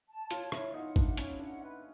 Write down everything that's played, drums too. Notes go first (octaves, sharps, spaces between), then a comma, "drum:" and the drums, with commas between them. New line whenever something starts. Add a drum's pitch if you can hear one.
A5
F4 C#5, drum: hi-hat
E4 C#5, drum: rim click
D#4 F#5
D4 F#5, drum: kick
C#4 C#5, drum: hi-hat
D4 F#5
B4